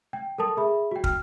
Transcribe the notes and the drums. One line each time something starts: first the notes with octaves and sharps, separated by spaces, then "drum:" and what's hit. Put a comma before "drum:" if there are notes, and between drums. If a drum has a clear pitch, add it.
G5
A4 A#4 A5 D#6
G#4 E5 B5
F#4 G5
F6, drum: kick